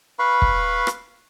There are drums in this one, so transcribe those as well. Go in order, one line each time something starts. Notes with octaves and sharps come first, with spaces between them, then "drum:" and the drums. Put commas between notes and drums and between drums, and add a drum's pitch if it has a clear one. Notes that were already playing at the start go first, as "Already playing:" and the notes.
B4 F5 B5 C#6
drum: kick
drum: rim click